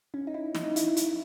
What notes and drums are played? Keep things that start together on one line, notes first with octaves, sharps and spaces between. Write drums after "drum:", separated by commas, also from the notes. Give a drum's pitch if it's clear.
C#4
D#4
E4
D#4, drum: snare
E4, drum: hi-hat
E4, drum: hi-hat